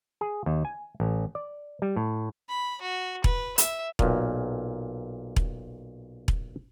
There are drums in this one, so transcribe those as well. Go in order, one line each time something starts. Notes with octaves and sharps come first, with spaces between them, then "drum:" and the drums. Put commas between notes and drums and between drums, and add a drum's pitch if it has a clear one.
G#4
D#2
G#5
A1
D5
G3
A2
B5
F#4
B4, drum: kick E1
E5, drum: hi-hat
B1 A#2, drum: kick E1
drum: kick E1
drum: kick E1